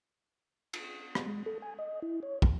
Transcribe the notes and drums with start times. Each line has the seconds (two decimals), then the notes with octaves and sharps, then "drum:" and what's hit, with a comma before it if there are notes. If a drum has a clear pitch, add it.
0.73 drum: cymbal
1.15 drum: rim click
1.26 G#3
1.46 A4
1.62 G#5
1.79 D#5
2.02 E4
2.23 C#5
2.42 D#2, drum: kick